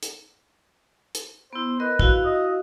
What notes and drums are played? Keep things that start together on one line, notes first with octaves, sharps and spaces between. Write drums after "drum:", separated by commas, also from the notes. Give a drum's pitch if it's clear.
drum: hi-hat
drum: hi-hat
B3 E4 C5
A#4 B4 D#5
E4 F#4 F5, drum: kick
D#5